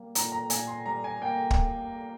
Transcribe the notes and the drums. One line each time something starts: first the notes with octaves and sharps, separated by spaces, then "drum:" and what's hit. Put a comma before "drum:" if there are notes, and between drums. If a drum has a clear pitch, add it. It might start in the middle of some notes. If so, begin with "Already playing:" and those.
Already playing: G3 A#3
A#2 A#5, drum: hi-hat
A#5
A#2 G#5, drum: hi-hat
C6
G3 A#5
G#5
A#3 G5
drum: kick